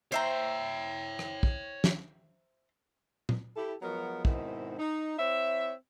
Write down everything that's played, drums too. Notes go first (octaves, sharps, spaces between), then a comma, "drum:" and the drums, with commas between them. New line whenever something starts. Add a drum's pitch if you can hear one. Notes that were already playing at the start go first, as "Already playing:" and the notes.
C5 C#5 E5 G5 A#5
drum: rim click
drum: kick
drum: snare
drum: tom
E4 G4 A4
F3 F#3 G#3 B3 F#4 A#4
G#2 B2 D#3 C4 D#4 E4, drum: kick
D#4
C4 E4 C#5 E5